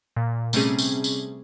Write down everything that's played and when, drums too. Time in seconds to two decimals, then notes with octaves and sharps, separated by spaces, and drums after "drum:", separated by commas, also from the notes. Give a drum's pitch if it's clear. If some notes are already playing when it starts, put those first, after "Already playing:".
0.16 A#2
0.53 C3 G3 A3 C4 C#4 G#4, drum: tambourine
0.79 drum: tambourine
1.04 drum: tambourine